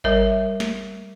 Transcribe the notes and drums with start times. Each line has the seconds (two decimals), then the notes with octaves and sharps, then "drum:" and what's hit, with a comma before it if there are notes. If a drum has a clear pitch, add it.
0.04 G3 A#4 C#5 E5, drum: kick G#1
0.60 drum: snare